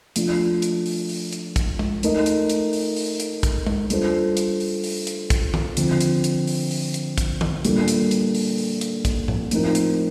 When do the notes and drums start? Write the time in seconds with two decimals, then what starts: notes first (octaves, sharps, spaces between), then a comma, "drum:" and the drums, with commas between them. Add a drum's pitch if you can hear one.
0.16 F3 A3 D4 F4, drum: hi-hat
0.62 drum: hi-hat
0.86 drum: open hi-hat
1.09 drum: open hi-hat
1.32 drum: hi-hat
1.56 drum: kick, hi-hat
1.79 drum: tom G#3
2.03 A3 D#4 A#4 D#5, drum: hi-hat
2.26 drum: hi-hat
2.49 drum: hi-hat
2.73 drum: open hi-hat
2.96 drum: open hi-hat
3.20 drum: hi-hat
3.43 drum: kick, hi-hat
3.67 drum: tom G#3
3.90 G3 D4 F4 A4 C5, drum: hi-hat
4.37 drum: hi-hat
4.60 drum: open hi-hat
4.84 drum: open hi-hat
5.07 drum: hi-hat
5.30 drum: kick, hi-hat
5.54 drum: tom D#3
5.77 D3 F3 C4, drum: hi-hat
6.01 drum: hi-hat
6.24 drum: hi-hat
6.47 drum: open hi-hat
6.71 drum: open hi-hat
6.94 drum: hi-hat
7.18 drum: kick, hi-hat
7.41 drum: tom D#3
7.65 A#2 G3 A#3 D4 A4, drum: hi-hat
7.88 drum: hi-hat
8.11 drum: hi-hat
8.35 drum: open hi-hat
8.58 drum: open hi-hat
8.81 drum: hi-hat
9.05 drum: kick, hi-hat
9.28 drum: tom A2
9.51 A2 F3 C4 D#4 A#4, drum: hi-hat
9.75 drum: hi-hat